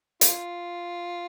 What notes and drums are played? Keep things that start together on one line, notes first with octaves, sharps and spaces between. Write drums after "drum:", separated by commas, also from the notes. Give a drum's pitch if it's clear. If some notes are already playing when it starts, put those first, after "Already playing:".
F4, drum: hi-hat